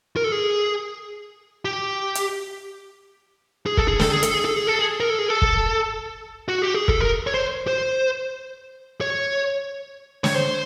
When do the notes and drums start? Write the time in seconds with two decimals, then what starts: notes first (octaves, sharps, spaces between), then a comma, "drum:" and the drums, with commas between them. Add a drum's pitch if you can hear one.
0.16 A#4
0.24 A4
0.32 G#4
1.65 G4
2.15 drum: hi-hat
3.66 G#4
3.77 A4, drum: kick
3.88 G#4
3.99 A4, drum: snare
4.11 G#4
4.23 A4, drum: hi-hat
4.34 G#4
4.45 A4
4.56 G#4
4.67 A4
4.79 G#4
5.00 A#4
5.10 A4
5.19 G#4
5.29 A4
5.42 drum: kick
6.48 F#4
6.62 G4
6.74 G#4
6.88 A4, drum: kick
7.00 A#4
7.27 C#5
7.34 C5
7.67 C5
9.01 C#5
10.24 C#5, drum: snare
10.35 C5